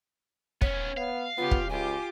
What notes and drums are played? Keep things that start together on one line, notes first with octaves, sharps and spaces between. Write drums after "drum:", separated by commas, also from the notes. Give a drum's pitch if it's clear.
B3 C#4 C#5, drum: kick
B3 F5
C#3 B3 F4 G4
drum: kick
C#2 F4 G4 G#5 D6